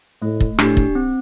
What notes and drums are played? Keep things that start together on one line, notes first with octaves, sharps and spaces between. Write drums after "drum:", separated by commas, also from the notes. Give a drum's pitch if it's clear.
A2 A3
drum: kick
A2 D4 G4, drum: rim click
drum: kick
C4